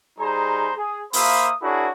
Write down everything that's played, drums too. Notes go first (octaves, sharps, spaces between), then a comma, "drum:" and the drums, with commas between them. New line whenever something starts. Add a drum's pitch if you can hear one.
G3 D#4 G#4 C5 A#5 B5
G#4
A#3 C5 E5 F5 B5 D#6, drum: open hi-hat
D4 E4 F#4 G#4 A#4 C#5